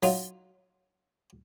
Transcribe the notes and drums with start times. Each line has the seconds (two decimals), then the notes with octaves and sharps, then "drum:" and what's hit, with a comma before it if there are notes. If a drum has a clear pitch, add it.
0.03 F#3 D#4 F4, drum: open hi-hat